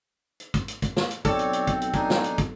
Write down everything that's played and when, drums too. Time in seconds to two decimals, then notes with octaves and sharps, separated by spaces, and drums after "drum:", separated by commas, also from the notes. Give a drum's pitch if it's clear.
0.40 drum: hi-hat
0.54 drum: kick, hi-hat
0.68 drum: hi-hat
0.82 drum: kick, hi-hat
0.97 drum: snare
1.11 drum: hi-hat
1.25 B1 C4 A4 C#5 D5, drum: kick, hi-hat
1.39 drum: hi-hat
1.53 drum: hi-hat
1.67 drum: kick, hi-hat
1.82 drum: hi-hat
1.94 D4 D#4 G#5, drum: kick, hi-hat
2.10 drum: snare
2.24 drum: hi-hat
2.38 drum: kick, hi-hat